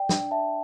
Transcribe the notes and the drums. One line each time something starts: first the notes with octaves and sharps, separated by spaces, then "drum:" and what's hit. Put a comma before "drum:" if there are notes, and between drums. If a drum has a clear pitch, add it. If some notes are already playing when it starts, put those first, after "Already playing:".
Already playing: D5 G5
D4, drum: snare
E5 A5